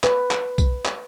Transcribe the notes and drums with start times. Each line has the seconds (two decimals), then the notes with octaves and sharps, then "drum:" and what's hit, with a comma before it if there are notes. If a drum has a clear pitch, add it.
0.04 B4, drum: clap
0.31 drum: clap
0.58 drum: kick B1, tambourine
0.85 drum: clap